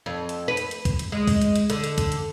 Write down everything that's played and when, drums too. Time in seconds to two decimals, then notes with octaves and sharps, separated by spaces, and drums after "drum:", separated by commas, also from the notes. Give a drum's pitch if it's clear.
0.06 F2
0.29 drum: hi-hat
0.48 B4
0.57 drum: hi-hat
0.71 drum: hi-hat
0.85 drum: kick, hi-hat
0.99 drum: hi-hat
1.12 G#3
1.27 drum: kick, open hi-hat
1.42 drum: hi-hat
1.56 drum: hi-hat
1.70 D3, drum: hi-hat
1.84 drum: hi-hat
1.98 drum: kick, hi-hat
2.12 drum: hi-hat